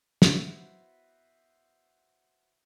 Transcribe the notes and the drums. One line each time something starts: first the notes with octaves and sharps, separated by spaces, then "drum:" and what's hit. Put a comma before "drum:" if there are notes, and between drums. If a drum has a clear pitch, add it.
B3 E4 F#4 B4 C5, drum: snare